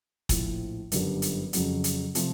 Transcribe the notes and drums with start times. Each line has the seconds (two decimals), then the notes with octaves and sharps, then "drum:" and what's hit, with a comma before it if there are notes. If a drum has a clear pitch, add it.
0.29 A#1 A2 F3, drum: kick, hi-hat
0.92 G1 F#2 D3 G3, drum: hi-hat
1.22 drum: hi-hat
1.53 F2 C#3 F#3, drum: hi-hat
1.84 drum: hi-hat
2.15 C3 F3 A3, drum: hi-hat